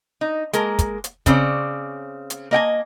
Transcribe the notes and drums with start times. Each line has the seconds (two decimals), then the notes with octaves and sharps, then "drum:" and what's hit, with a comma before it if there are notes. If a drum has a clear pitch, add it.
0.21 D#4
0.53 G#3 A#3 A#4, drum: hi-hat
0.79 drum: kick, hi-hat
1.04 drum: hi-hat
1.26 C#3 C4 C#5 D5, drum: kick, hi-hat
2.30 drum: hi-hat
2.51 A#3 D#5 G5 G#5